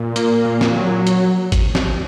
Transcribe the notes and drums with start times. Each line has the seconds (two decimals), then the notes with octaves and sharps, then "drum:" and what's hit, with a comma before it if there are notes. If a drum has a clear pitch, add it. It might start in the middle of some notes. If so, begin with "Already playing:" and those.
Already playing: A#2
0.16 A#3, drum: hi-hat
0.45 A#2
0.61 drum: snare
0.77 F#3
1.07 drum: hi-hat
1.52 drum: kick G#1, hi-hat
1.75 drum: snare